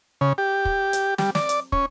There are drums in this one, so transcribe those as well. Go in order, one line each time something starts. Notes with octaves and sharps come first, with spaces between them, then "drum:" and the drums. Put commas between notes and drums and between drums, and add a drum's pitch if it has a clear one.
C#3
G4
drum: kick
drum: hi-hat
G3, drum: snare
D5, drum: snare
drum: hi-hat
C#4, drum: kick